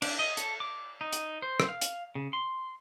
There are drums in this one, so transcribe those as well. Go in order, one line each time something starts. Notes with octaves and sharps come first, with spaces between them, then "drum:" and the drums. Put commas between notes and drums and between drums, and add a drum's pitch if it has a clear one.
D4, drum: cymbal
D#5
A4, drum: hi-hat
D6
D#4
drum: hi-hat
C5
drum: rim click
F5
drum: hi-hat
C#3
C6